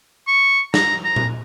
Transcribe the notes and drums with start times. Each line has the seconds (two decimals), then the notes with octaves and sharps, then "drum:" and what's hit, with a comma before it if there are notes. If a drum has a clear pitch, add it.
0.28 C#6
0.74 A#5, drum: snare
1.05 A#5
1.16 drum: tom A#2